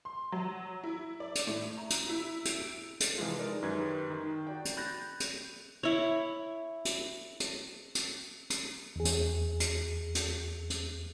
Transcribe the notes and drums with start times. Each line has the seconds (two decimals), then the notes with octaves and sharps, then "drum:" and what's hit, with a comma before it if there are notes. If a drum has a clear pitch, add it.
0.05 C6
0.32 F#3
0.84 E4
1.20 D5
1.35 drum: hi-hat
1.47 A2
1.77 A#5
1.90 drum: hi-hat
2.09 E4
2.45 drum: hi-hat
2.60 D7
3.00 drum: hi-hat
3.18 C3 E3 F3 G#3 F4
3.39 G#3 D#4 A#4 D5
3.62 F#2 D#3 G#3 G4 B4 G#6
4.10 D#3
4.47 F#4 D5 G5
4.65 drum: hi-hat
4.77 B5 F#6 G6 A6 A#6
5.20 drum: hi-hat
5.83 E4 C#5
6.85 drum: hi-hat
7.40 drum: hi-hat
7.95 drum: hi-hat
8.50 drum: hi-hat
8.96 E2 G#4
9.05 drum: hi-hat
9.60 drum: hi-hat
10.15 drum: hi-hat
10.70 drum: hi-hat